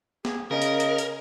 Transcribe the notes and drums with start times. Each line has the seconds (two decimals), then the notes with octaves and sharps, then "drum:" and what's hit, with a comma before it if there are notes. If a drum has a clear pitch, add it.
0.25 G#4, drum: snare
0.51 C#3 A#4 D#5
0.62 drum: hi-hat
0.80 drum: hi-hat
0.98 drum: hi-hat